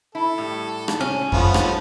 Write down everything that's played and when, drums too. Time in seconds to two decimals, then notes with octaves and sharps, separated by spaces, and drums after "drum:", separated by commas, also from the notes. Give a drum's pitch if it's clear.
0.15 E4 A4
0.38 A2 G3
0.88 drum: rim click
1.01 C#4
1.32 F3 A3 B3, drum: kick F2
1.54 drum: rim click